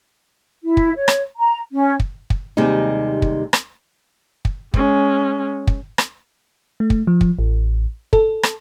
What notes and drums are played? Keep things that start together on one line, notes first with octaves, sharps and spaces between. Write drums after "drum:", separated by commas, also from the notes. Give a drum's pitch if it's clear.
E4
drum: kick
C#5
drum: rim click
A#5
C#4
drum: kick
drum: kick
D#2 C3 G3 G#3 D#4
drum: kick
drum: rim click
drum: kick
G#3 C#4, drum: kick
drum: kick
drum: rim click
A3
drum: kick
F3
drum: kick
A1
A4, drum: kick
drum: rim click